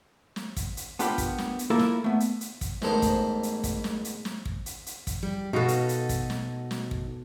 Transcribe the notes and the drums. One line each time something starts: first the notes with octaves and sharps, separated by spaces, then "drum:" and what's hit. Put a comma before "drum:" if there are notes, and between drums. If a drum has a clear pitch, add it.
drum: snare
drum: kick, hi-hat
drum: hi-hat
B3 D4 F4 G4 A#4 B4, drum: hi-hat
drum: kick, hi-hat
drum: snare
drum: hi-hat
A#3 E4 F4 A4 A#4
drum: snare
A3 B3
drum: hi-hat
drum: hi-hat
drum: kick, hi-hat
A1 G#2 B3 A4 A#4 C5, drum: snare
drum: kick, hi-hat
drum: hi-hat
drum: kick, hi-hat
drum: snare
drum: hi-hat
drum: snare
drum: kick
drum: hi-hat
drum: hi-hat
drum: kick, hi-hat
G3
B2 D#4 F#4 A4 F5
drum: hi-hat
drum: hi-hat
drum: kick, hi-hat
drum: snare
drum: snare
drum: kick